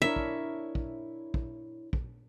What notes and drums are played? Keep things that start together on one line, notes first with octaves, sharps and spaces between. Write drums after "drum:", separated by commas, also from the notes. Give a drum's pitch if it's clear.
D4 E4 A#4 C#5 E5
drum: kick
drum: kick
drum: kick
drum: kick